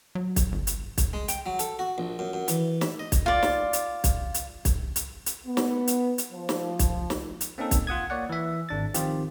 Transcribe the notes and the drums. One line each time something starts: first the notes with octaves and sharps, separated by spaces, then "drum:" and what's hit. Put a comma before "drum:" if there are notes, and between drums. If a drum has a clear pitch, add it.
F#3
drum: kick, hi-hat
G1
drum: hi-hat
drum: kick, hi-hat
G#3
G5, drum: hi-hat
F#3
A4, drum: hi-hat
F#4
A#1
F#2
F#2
E3, drum: hi-hat
E5, drum: snare
D#5
drum: kick, hi-hat
F4 D5
drum: snare
drum: hi-hat
drum: kick, hi-hat
drum: hi-hat
drum: kick, hi-hat
drum: hi-hat
drum: hi-hat
B3
drum: snare
drum: hi-hat
drum: hi-hat
F3
drum: snare
drum: kick, hi-hat
drum: snare
drum: hi-hat
A#3 C4 C#4 D#4 A4
drum: kick, hi-hat
F4 F#5 D#6 G#6
A#3 C#5 D5 F#5
E3 E5
G#1 D4 A6
D#3 F3 C4 F4 G4, drum: hi-hat